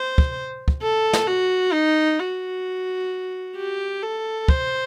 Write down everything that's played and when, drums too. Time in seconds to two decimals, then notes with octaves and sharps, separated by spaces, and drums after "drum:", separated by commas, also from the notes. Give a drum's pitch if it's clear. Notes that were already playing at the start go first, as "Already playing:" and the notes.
Already playing: C5
0.18 drum: kick
0.68 drum: kick
0.82 A4
1.13 drum: snare
1.27 F#4
1.73 D#4
2.20 F#4
3.56 G4
4.02 A4
4.48 C5, drum: kick